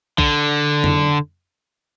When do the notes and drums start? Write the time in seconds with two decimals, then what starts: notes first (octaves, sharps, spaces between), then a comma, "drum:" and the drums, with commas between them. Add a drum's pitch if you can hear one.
0.18 D3, drum: kick B1
0.84 drum: tom